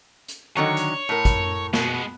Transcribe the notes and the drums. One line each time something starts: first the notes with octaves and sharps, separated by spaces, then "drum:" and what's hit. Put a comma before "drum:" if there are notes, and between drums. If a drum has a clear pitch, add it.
drum: hi-hat
D3 D#3 F#3 C#5
drum: hi-hat
A2 A#4
drum: kick, hi-hat
B2 G#3 B3, drum: snare